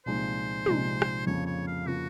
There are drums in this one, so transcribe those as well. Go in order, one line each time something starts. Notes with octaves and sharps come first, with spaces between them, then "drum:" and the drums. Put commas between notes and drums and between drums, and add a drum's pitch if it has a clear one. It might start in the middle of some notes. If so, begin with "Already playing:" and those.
C2 A#2 F3 G#3 D#4 C5
C2 A#2 F3 G#3 D#4, drum: tom
drum: rim click
F2 C#3 F3 A#3 C#5
C#5
F5
C#3 F3 A#3 F#4